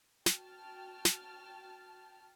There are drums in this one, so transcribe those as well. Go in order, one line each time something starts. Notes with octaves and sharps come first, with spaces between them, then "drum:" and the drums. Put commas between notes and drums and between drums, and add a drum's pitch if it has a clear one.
F#4 G5 A5 F6, drum: snare
drum: snare